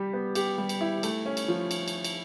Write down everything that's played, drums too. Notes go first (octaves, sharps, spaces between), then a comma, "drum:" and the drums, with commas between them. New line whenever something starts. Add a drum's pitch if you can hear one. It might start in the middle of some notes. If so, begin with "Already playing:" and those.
Already playing: G3 G4
B3
G4, drum: cymbal
G3
drum: cymbal
E4
A3, drum: cymbal
C#4
drum: cymbal
F3
drum: cymbal
drum: cymbal
drum: cymbal